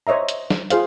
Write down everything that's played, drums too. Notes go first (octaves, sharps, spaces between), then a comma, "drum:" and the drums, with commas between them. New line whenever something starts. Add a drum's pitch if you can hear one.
C5 C#5 D#5 E5 A#5
drum: hi-hat
drum: snare
F4 G#4 C5 F5, drum: hi-hat